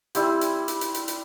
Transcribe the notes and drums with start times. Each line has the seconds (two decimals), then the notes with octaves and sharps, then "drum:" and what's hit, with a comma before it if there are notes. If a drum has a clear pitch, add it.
0.15 G3 C4 E4, drum: hi-hat
0.41 drum: hi-hat
0.68 drum: hi-hat
0.81 drum: hi-hat
0.94 drum: hi-hat
1.08 drum: hi-hat